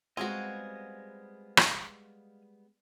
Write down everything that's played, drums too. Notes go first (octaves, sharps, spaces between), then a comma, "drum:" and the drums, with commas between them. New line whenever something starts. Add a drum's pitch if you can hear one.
G3 G#3 B3 C4 F#4 D#5 F5 G#5
drum: rim click